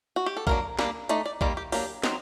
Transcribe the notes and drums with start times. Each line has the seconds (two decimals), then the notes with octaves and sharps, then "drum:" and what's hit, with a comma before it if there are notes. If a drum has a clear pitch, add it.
0.16 F#4
0.26 G4
0.37 A4
0.47 F#3 A#3 D4 A#4, drum: kick A#1
0.79 G3 A#3 D4, drum: snare
1.09 A3 D#4 D5, drum: hi-hat
1.26 D5
1.41 D#3 G3 A#3 D5, drum: kick A#1
1.57 G4
1.72 F#3 A#3 D4 G4, drum: open hi-hat
2.04 F#3 C4 D#4, drum: snare